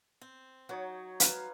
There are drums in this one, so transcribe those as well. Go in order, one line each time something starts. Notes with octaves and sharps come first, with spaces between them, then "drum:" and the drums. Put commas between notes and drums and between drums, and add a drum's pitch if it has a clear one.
C4
F#3 D#4 C#5 F#5
B4 F5 A#5, drum: hi-hat